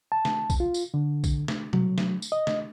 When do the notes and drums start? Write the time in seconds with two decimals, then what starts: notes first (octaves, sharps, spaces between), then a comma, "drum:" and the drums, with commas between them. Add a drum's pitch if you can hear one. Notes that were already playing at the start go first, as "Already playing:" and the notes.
0.12 A5
0.25 drum: snare
0.50 drum: kick A#1, tambourine
0.60 F4
0.74 drum: tambourine
0.94 D3
1.24 drum: kick A#1, tambourine
1.48 drum: snare
1.73 F#3, drum: tom
1.98 drum: snare
2.22 drum: tambourine
2.32 D#5
2.47 drum: snare